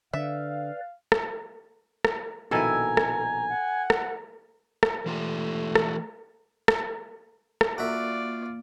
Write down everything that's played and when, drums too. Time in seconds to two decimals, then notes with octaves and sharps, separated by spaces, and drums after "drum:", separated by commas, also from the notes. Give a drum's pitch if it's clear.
0.13 D3 B4 D5 E5 F5
1.12 drum: rim click
2.05 drum: rim click
2.51 A#1 B2 D#3 E4 A4 G#5 A#5
2.97 drum: rim click
3.49 F#5
3.90 drum: rim click
4.83 drum: rim click
5.06 E3 A3 F4 G4
5.75 drum: rim click
6.68 drum: rim click
7.61 drum: rim click
7.78 A#3 F4 F#4 D5 E5